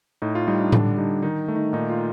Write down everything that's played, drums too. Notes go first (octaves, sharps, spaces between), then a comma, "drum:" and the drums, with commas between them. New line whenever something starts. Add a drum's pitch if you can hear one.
A2 D#4
F4
G3 D#4
D4
D3 D4, drum: tom A2
G3 D#4
D#3 D#4
A3
D#4
A#2 D#4
F4